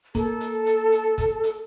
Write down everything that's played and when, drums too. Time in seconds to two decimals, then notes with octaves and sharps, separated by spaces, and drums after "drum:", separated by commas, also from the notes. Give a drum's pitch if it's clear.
0.15 A#3 A4, drum: kick, hi-hat
0.41 drum: hi-hat
0.66 drum: hi-hat
0.92 drum: hi-hat
1.18 drum: kick, hi-hat
1.44 drum: hi-hat